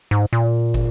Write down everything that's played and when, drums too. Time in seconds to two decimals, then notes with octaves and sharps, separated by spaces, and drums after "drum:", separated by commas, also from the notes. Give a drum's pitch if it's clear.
0.11 G#2
0.33 A#2
0.74 drum: kick